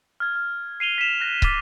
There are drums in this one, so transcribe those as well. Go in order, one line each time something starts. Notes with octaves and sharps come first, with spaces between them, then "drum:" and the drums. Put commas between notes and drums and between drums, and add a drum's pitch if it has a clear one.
F6 G#6
F6
C7 D#7 F7 G7
B6 C7 E7 F7
F#6 A#6
D6 F6 A6 B6 E7, drum: kick